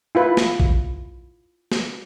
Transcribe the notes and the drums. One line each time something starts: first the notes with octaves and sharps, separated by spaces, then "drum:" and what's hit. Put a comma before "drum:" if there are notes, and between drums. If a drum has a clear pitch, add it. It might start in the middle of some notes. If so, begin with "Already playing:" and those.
E4 F4 B4
drum: snare
drum: kick A#1
drum: snare